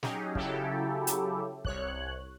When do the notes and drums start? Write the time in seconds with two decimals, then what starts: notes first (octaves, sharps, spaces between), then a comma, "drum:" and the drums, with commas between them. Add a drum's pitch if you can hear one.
0.03 F#3 C#4 D#4 G4 G#4, drum: snare
0.35 C#3 F#3 E4 G4 A4, drum: kick
1.07 drum: hi-hat
1.65 C2 C#5 F#6, drum: kick